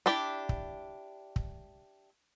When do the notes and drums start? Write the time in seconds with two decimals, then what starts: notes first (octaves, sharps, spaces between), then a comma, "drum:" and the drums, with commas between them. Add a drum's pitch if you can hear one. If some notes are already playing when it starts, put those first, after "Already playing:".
0.06 D4 E4 G4 D5
0.49 drum: kick
1.36 drum: kick